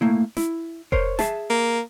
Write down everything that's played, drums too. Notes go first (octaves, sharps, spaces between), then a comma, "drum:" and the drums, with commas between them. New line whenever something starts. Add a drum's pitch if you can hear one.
A3 A#3 E4
E4, drum: snare
A#4 C5 C#5, drum: kick F1
G#4 E5 A5, drum: snare
A#3